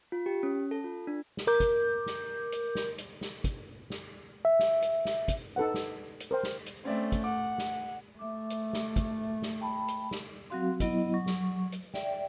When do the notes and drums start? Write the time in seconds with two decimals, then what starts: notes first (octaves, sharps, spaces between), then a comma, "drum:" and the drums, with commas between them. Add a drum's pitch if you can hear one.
0.12 F4
0.26 G4
0.43 C#4
0.71 A4
0.84 F4
1.07 D4
1.37 drum: snare
1.47 A#4 D6 G6
1.60 drum: kick, hi-hat
2.06 drum: snare
2.52 drum: hi-hat
2.75 drum: snare
2.98 drum: hi-hat
3.21 drum: snare
3.44 drum: kick, hi-hat
3.90 drum: snare
4.45 E5
4.59 drum: snare
4.82 drum: hi-hat
5.05 drum: snare
5.28 drum: kick, hi-hat
5.56 D#4 A4 B4 F#5
5.74 drum: snare
6.20 drum: hi-hat
6.31 A#4 C5 G5
6.43 drum: snare
6.66 drum: hi-hat
6.85 A3 C4 C#4 D5 E5
7.12 drum: kick, hi-hat
7.24 F#5 D6
7.58 drum: snare
8.19 A3 E5 D6
8.50 drum: hi-hat
8.73 drum: snare
8.96 drum: kick, hi-hat
9.42 drum: snare
9.61 G5 A5 B5
9.88 drum: hi-hat
10.11 drum: snare
10.50 F#3 C4 F#4 F5 C6
10.80 F#3 B3 E4 D#5, drum: kick, hi-hat
11.13 F#3 C#6
11.26 drum: snare
11.72 drum: hi-hat
11.94 D5 E5 G5, drum: snare